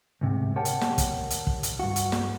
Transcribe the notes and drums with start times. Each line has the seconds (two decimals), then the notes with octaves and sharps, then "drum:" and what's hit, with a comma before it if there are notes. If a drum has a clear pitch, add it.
0.21 D2 G#2 C3
0.56 G4 A#4 C#5 F#5 G5 A5
0.65 drum: hi-hat
0.81 drum: snare
0.98 drum: kick, hi-hat
1.30 drum: hi-hat
1.47 drum: kick
1.63 drum: hi-hat
1.79 G2 F#4
1.96 drum: hi-hat
2.12 drum: snare